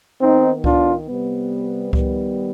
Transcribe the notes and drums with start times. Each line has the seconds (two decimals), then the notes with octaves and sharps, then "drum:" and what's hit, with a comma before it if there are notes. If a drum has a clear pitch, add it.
0.21 D#3 B3 C4 D#4
0.64 D4 F4, drum: kick C#2
1.07 C3 G3 B3
1.93 D#3 G3 B3, drum: kick C#2